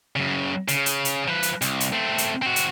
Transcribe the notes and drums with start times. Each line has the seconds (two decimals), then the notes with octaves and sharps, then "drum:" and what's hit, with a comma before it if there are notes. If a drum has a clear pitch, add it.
0.16 F#2 C#3
0.68 C#3, drum: hi-hat
0.86 drum: hi-hat
1.05 drum: hi-hat
1.28 F3 B4
1.43 drum: hi-hat
1.61 C2, drum: hi-hat
1.80 drum: hi-hat
1.93 A3 C4
2.18 drum: hi-hat
2.42 C4 F#4
2.56 drum: hi-hat